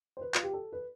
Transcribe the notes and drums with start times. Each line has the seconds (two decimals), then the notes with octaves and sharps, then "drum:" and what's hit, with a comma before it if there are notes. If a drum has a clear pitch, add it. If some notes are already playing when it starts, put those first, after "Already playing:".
0.17 C5
0.21 B4
0.35 F4, drum: clap
0.43 G4
0.53 A4
0.72 B4